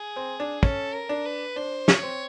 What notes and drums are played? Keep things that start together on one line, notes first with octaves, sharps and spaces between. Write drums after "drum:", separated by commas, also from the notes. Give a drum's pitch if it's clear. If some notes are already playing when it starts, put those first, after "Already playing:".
Already playing: G#4
C4
D4
C#4 A4, drum: kick
A#4
D4
B4
D4 C5
C#5, drum: snare
C4